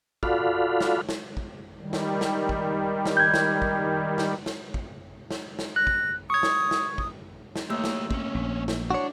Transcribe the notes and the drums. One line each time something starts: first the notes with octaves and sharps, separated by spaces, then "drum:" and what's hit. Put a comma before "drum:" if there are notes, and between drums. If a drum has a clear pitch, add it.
F4 F#4 A4 D5 F5 B5, drum: kick
drum: snare
drum: snare
drum: kick
D#3 G3
drum: snare
drum: snare
drum: kick
drum: snare
G6 G#6
drum: snare
drum: kick
drum: snare
drum: snare
drum: kick
drum: snare
drum: snare
F#6 A#6
drum: kick
C#6 D#6 G#6
drum: snare
drum: snare
D#6, drum: kick
drum: snare
A3 A#3 G4 C#5 E6
drum: snare
C4 C#4, drum: kick
A#1
drum: snare
D4 F#4 C#5